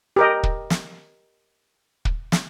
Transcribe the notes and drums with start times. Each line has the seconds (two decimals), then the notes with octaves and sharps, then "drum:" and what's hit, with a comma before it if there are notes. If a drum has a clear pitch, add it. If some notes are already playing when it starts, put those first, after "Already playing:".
0.16 G4 A#4 D#5
0.43 drum: kick
0.70 drum: snare
2.05 drum: kick
2.32 drum: snare